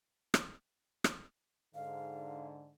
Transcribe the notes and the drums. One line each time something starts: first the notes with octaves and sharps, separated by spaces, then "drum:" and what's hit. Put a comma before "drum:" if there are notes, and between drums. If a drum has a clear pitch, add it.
drum: rim click
drum: rim click
G#2 D3 F5